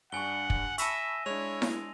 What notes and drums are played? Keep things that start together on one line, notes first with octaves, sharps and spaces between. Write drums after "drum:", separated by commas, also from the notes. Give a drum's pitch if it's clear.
G2 D4 F#5 G#5 C#6 G7
drum: kick
E5 A5 B5 C#6 E6 A#6 D#7, drum: hi-hat
G#3 D4 E4 C#5 F7
drum: snare E4